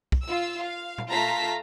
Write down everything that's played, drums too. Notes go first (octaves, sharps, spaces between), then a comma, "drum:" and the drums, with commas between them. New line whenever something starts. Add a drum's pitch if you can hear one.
drum: kick
F4 E6
F5
drum: tom A#2
A3 F4 F5 A5 A#5 B6